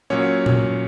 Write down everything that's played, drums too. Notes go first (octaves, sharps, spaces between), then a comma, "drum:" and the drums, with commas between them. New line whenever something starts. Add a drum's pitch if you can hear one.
A#2 F#3 C#4 C#5
drum: tom A#2